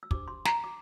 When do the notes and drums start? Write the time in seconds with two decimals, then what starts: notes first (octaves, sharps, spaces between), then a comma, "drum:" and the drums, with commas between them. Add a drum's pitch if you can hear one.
0.03 E6
0.11 D4 G4 C5 D6, drum: kick
0.28 C6
0.45 A#5, drum: snare
0.64 D6